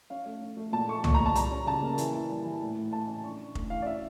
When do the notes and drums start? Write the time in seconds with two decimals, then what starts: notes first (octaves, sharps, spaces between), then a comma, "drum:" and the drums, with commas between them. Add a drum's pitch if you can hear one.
0.10 C#4 F5
0.26 A3
0.41 C#4
0.57 A3
0.72 A#2 A5
0.89 A3 C#6
1.04 A#2 C#6, drum: tom
1.15 A#5
1.20 A#2
1.26 A5
1.35 G3 A#5, drum: hi-hat
1.51 C#4
1.66 C#3 A5
1.83 A#3
1.98 E3, drum: hi-hat
2.14 E3
2.30 G3
2.45 E3
2.61 A2
2.77 A2
2.92 A2 A5
3.08 C#4
3.23 D4 C#6
3.40 D4
3.55 A2, drum: kick F1
3.70 E3 F5
3.82 D5
3.86 C#4 E5